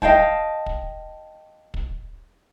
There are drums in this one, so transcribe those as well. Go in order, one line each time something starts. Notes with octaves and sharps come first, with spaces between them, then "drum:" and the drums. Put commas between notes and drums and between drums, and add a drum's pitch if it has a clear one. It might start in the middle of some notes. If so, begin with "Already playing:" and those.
D#5 F5 G5 A5, drum: kick
drum: kick
drum: kick